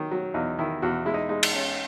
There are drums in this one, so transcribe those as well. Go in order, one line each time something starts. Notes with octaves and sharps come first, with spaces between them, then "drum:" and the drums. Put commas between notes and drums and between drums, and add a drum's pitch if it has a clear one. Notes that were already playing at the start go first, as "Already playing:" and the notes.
Already playing: D#3 F#3
F#3
E2 D#4
D#3 E4
E2 F#4
G#3 E4
D#4
G#3 D#4
drum: cymbal
C#4